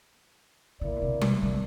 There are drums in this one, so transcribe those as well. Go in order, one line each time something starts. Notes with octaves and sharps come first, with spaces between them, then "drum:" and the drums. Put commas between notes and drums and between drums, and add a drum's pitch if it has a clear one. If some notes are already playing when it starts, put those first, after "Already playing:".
D3 A#3 E4 A#4 D5
A#2
C3
C3, drum: tom G3
D3
C3